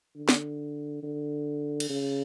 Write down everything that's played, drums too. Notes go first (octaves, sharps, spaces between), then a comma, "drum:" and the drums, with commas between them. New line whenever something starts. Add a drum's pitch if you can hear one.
D3
drum: snare
D3
drum: cymbal
C#3